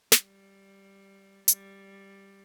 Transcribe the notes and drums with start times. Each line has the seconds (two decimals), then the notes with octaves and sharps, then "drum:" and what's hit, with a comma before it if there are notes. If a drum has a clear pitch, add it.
0.12 G3, drum: snare
1.48 G3, drum: hi-hat